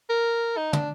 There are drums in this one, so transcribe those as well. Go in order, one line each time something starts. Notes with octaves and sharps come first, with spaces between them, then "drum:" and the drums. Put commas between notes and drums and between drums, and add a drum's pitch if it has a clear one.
A#4
D#4
D4, drum: tom